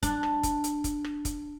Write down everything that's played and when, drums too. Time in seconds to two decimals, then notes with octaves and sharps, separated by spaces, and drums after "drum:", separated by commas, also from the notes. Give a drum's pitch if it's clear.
0.03 D4, drum: kick, hi-hat
0.23 drum: rim click
0.43 drum: kick, hi-hat
0.64 drum: hi-hat
0.84 drum: kick, hi-hat
1.04 drum: rim click
1.25 drum: kick, hi-hat